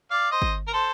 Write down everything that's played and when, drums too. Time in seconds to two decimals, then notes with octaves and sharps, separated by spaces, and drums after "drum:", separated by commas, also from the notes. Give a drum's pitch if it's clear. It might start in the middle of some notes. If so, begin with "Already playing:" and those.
0.10 D5 F5
0.31 C5 D#5
0.42 drum: kick
0.67 A#4
0.73 A4 C5